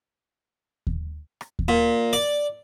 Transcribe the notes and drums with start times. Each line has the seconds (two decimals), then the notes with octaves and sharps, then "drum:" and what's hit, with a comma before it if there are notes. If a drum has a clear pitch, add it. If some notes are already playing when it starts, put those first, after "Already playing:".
0.87 drum: kick D#2
1.41 drum: rim click
1.59 drum: kick D#2
1.68 A#2
2.13 D5